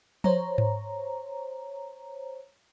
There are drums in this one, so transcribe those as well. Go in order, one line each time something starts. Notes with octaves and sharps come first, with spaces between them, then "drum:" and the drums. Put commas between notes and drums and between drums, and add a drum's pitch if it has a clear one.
C5 C#5 A#5, drum: tom F3
drum: tom G#2